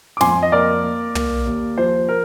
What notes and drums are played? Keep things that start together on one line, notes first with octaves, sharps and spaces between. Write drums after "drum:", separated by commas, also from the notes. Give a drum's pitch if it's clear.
D6
F2 G#5 C6, drum: snare
D#5
A#3 A#4 D5
A#3
A#3, drum: tom
D#2
F3 C5
A#4